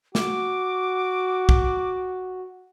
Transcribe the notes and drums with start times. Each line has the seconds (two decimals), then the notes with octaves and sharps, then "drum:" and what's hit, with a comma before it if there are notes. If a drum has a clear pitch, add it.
0.15 F#4 D6, drum: snare
1.49 drum: kick B1